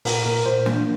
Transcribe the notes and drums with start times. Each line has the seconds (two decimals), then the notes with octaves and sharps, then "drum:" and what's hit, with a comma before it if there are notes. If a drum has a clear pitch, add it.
0.05 A#2 A#4, drum: open hi-hat
0.26 A#2 A#4
0.46 A#2 C5
0.66 A#3 D4, drum: snare